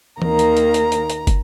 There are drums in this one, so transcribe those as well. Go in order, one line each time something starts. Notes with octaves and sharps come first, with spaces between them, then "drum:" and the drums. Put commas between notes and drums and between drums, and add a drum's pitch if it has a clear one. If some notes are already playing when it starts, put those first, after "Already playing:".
D#2 D#3 A#3 A#5, drum: tom E3
drum: hi-hat
drum: hi-hat
drum: hi-hat
drum: hi-hat
drum: hi-hat
drum: kick, hi-hat